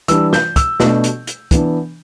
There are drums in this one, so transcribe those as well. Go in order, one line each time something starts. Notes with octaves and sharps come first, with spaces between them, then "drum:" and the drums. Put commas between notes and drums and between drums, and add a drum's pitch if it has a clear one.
E3 G3 D4 E6, drum: hi-hat
G6, drum: snare
E6, drum: kick, hi-hat
B2 A3 D4, drum: snare
drum: hi-hat
drum: hi-hat
E3 B3 D4, drum: kick, hi-hat